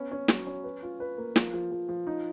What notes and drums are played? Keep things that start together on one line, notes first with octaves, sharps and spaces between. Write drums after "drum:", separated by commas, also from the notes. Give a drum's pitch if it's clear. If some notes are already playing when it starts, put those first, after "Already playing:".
Already playing: B3 C#4
C#4
F#3, drum: snare
C#4
B4
F4
B4
A#3
F3, drum: snare
F3
F3
F3
D#4